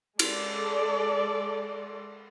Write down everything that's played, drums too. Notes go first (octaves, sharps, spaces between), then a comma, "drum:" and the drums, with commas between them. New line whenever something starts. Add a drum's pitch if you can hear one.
G#3 A4 D5, drum: cymbal